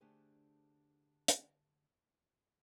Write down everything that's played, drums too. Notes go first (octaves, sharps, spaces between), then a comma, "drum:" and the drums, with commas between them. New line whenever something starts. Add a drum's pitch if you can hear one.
D3 A3 D4 G4 G#4 C5
drum: hi-hat